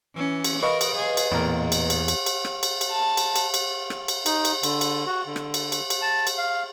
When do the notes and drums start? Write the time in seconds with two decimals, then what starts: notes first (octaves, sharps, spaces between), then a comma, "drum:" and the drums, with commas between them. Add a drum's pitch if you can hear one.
0.15 E3 C#4
0.44 drum: cymbal
0.63 A#4 B4 D#5 F5 C#6
0.81 drum: cymbal
0.95 G#4
1.17 drum: cymbal
1.31 A1 E2 A#2 A#4
1.72 drum: cymbal
1.90 drum: cymbal
2.08 drum: cymbal
2.26 drum: cymbal
2.45 drum: rim click
2.63 drum: cymbal
2.81 drum: cymbal
2.90 A5
3.17 drum: cymbal
3.36 drum: cymbal
3.54 drum: cymbal
3.90 drum: rim click
4.08 drum: cymbal
4.26 D#4, drum: cymbal
4.45 drum: cymbal
4.63 D3, drum: cymbal
4.81 drum: cymbal
5.07 F#4
5.26 D3
5.36 drum: rim click
5.54 drum: cymbal
5.72 drum: cymbal
5.90 drum: cymbal
6.02 A5
6.27 drum: cymbal
6.38 F5